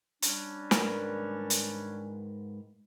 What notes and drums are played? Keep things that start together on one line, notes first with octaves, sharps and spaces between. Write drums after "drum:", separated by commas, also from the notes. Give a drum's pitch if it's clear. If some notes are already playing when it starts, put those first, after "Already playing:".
G3 C#4 D4, drum: hi-hat
G#2 A#4 B4, drum: snare
drum: hi-hat